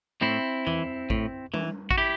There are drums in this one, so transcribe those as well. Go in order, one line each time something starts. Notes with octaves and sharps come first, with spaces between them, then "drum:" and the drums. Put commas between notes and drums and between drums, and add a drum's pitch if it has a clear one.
A2 C4 E4
E3, drum: tom E2
A2, drum: kick
E3, drum: tom G3
F#4, drum: kick
E4 G4